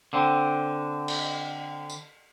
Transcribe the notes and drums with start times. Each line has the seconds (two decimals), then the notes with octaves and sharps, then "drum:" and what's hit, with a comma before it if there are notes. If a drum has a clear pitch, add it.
0.13 D3 C4
1.08 drum: cymbal
1.90 drum: tambourine